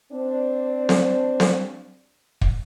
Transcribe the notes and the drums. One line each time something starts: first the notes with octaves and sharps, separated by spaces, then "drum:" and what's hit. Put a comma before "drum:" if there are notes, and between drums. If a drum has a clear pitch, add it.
C4 D4
drum: snare C4
drum: snare C4
drum: kick